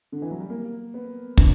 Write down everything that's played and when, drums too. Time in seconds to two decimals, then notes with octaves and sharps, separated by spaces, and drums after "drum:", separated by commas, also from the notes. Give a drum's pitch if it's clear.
0.12 D3
0.22 E3
0.31 F#3
0.40 G3
0.50 A#3
0.94 B3
1.38 D4, drum: kick